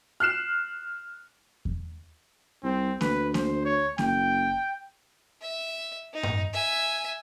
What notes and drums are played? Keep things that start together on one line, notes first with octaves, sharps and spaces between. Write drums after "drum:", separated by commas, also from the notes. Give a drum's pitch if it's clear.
F6 F#6 C7 E7
drum: kick E2
C2 C4
D2 B4, drum: snare A#3
C5, drum: snare A#3
C#5
F#1 G5, drum: snare A#3
E5
D#4
drum: tom G2
E5 G#5